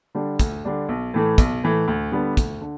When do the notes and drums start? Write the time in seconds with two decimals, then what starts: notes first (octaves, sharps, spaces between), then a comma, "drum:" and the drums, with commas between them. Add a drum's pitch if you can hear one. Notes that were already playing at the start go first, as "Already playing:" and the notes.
0.15 D3 G3 D4
0.39 D2, drum: kick, hi-hat
0.65 D3 G3 D4
0.89 B1
1.14 A2 E3 A3
1.38 B1, drum: kick, hi-hat
1.64 A2 E3 A3
1.88 D2
2.12 D3 G3 B3
2.37 D2, drum: kick, hi-hat
2.61 D3